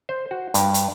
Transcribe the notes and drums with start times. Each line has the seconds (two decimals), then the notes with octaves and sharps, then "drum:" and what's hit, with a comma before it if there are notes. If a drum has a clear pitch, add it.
0.09 C5
0.31 F#4
0.54 G2, drum: hi-hat
0.74 drum: hi-hat